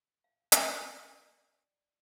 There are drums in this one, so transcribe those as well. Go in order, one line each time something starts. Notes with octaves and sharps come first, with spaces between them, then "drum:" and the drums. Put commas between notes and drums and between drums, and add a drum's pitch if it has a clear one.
F5
G5, drum: hi-hat
D#5
D5